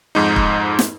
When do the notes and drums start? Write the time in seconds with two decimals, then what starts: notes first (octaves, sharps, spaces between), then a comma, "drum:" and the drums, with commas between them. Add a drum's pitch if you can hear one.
0.15 F2 G#2 D#4
0.36 drum: kick
0.79 drum: snare